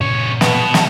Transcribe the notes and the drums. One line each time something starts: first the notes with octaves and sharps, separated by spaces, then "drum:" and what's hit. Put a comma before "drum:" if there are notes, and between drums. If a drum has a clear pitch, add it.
E2 G2 A#2 C#3 C#5
B2 B3, drum: snare
drum: snare